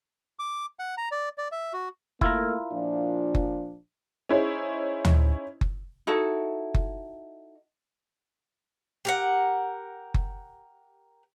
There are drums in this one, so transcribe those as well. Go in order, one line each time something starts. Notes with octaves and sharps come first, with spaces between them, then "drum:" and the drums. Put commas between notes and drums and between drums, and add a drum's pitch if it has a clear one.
D6
F#5
A#5
D5
D5
E5
F#4
A3 A#3 E4 F4 A#4, drum: kick F#1
A#2 F3 D4
drum: kick F#1
C#4 D#4 E4 G#4 C5 C#5
drum: tom D2
drum: kick F#1
D#4 E4 F#4 A4
drum: kick F#1
G4 A#4 F#5
drum: kick F#1